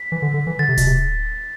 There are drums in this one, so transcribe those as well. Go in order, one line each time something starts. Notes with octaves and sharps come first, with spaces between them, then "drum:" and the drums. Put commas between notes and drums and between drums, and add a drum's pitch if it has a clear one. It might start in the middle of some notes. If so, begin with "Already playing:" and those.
Already playing: B6
E3
D3
D3
E3
D3 A6
C3
B2, drum: kick D1, hi-hat
C3